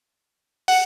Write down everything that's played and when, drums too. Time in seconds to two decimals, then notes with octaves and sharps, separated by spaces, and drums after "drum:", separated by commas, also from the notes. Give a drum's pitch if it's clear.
0.68 F#5, drum: open hi-hat